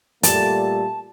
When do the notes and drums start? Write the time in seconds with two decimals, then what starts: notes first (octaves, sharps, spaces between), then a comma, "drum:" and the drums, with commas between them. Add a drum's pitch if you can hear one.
0.23 A#2 G3 A3 A5, drum: hi-hat